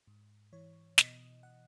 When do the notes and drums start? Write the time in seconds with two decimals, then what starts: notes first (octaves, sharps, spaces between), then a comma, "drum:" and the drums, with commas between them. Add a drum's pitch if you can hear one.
0.07 G#2
0.53 E3 C#5
0.98 B2 D#5, drum: snare
1.43 F#5